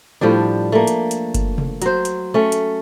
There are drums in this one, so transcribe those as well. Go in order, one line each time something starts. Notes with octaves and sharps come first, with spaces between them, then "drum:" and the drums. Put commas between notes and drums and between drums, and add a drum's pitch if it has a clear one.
A2 F3 G3 D4
A3 A#3
drum: hi-hat
drum: hi-hat
drum: kick F#1, hi-hat
drum: tom C3
F#3 C5, drum: hi-hat
drum: hi-hat
A3 C#4
drum: hi-hat